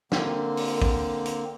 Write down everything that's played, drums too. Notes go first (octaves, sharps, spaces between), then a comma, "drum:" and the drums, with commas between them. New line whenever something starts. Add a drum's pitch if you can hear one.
D3 A#3 C4, drum: snare
drum: open hi-hat
drum: kick
drum: hi-hat